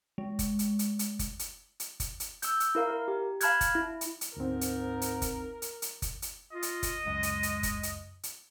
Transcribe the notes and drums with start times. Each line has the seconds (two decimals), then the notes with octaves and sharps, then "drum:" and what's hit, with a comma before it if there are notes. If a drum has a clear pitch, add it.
0.18 G#3
0.39 drum: kick, hi-hat
0.59 drum: hi-hat
0.79 drum: hi-hat
0.99 drum: hi-hat
1.19 drum: kick, hi-hat
1.39 drum: hi-hat
1.80 drum: hi-hat
2.00 drum: kick, hi-hat
2.20 drum: hi-hat
2.42 E6 G6, drum: hi-hat
2.60 drum: hi-hat
2.75 E4 A#4 F5
2.90 A#4
3.08 G4
3.41 F5 A5 B5 F6 F#6 G#6, drum: hi-hat
3.61 drum: kick, hi-hat
3.75 E4
4.01 drum: hi-hat
4.21 drum: hi-hat
4.36 D2 G#2 C4 A#4
4.61 drum: hi-hat
5.02 drum: hi-hat
5.22 drum: kick, hi-hat
5.62 drum: hi-hat
5.82 drum: hi-hat
6.02 drum: kick, hi-hat
6.22 drum: hi-hat
6.53 F4 D#5
6.62 drum: hi-hat
6.83 drum: kick, hi-hat
7.06 C#2 F#2 G#3
7.23 drum: hi-hat
7.43 drum: hi-hat
7.63 drum: kick, hi-hat
7.83 drum: hi-hat
8.23 drum: hi-hat